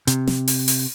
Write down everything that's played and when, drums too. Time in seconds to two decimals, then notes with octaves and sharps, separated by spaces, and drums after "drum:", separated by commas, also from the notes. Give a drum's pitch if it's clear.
0.07 C3, drum: hi-hat
0.27 drum: snare
0.48 drum: open hi-hat
0.68 drum: open hi-hat